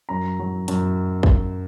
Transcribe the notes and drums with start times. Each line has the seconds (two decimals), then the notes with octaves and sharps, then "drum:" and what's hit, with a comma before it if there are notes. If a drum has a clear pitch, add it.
0.09 F#2 A#5
0.39 F#3
0.68 F#2, drum: hi-hat
1.23 drum: kick